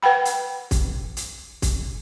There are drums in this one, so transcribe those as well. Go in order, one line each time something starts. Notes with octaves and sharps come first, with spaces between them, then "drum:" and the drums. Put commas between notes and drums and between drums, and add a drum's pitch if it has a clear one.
B4 F#5 G5 B5
drum: hi-hat
drum: kick, hi-hat
drum: hi-hat
drum: kick, hi-hat